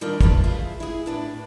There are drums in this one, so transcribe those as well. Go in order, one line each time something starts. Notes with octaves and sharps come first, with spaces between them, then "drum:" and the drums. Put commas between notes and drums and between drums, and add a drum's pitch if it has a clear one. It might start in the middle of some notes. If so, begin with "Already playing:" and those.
D#3 G3 D4 F4 A#4
A3 D4 F4 B4, drum: kick
F4 G#4 B4 C5 E5 F5
E4 G#4
A2 D4 B4